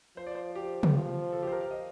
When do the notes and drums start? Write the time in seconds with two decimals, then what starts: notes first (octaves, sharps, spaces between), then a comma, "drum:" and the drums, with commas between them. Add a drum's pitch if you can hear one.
0.16 F3 C5
0.27 D5
0.35 C5
0.55 G4
0.83 drum: tom
0.94 F3
1.33 A4
1.43 G4
1.47 C5
1.52 A#4
1.61 F5
1.71 D#5